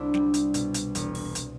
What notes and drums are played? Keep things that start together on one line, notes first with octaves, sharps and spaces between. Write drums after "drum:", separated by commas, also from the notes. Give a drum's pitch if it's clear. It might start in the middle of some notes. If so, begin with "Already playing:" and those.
Already playing: C2 D4 E4
G3, drum: snare
drum: hi-hat
B2, drum: hi-hat
drum: hi-hat
E1, drum: hi-hat
drum: open hi-hat
drum: hi-hat